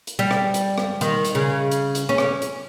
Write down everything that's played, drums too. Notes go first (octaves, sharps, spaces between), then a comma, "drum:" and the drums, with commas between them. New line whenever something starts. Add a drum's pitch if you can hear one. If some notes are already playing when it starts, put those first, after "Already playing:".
drum: hi-hat
G3
drum: rim click
drum: hi-hat
drum: rim click
D#3, drum: hi-hat
drum: hi-hat
C#3
drum: hi-hat
drum: hi-hat
C#4
drum: rim click
drum: hi-hat